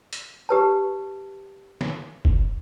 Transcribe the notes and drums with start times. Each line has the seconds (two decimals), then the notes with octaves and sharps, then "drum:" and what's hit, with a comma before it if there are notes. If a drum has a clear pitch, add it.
0.13 drum: hi-hat
0.49 G4 B4 A5
1.81 drum: snare
2.25 drum: kick